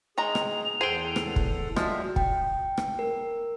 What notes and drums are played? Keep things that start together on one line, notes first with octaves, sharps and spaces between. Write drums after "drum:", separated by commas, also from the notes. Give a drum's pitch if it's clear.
D#3 G#3 G#4 A#5 F7
drum: rim click
E2 G#4 A4 C5 F#5 G5
drum: rim click
drum: kick
F3 G3 G#3 F#4 E5, drum: rim click
G5, drum: kick
drum: rim click
A#4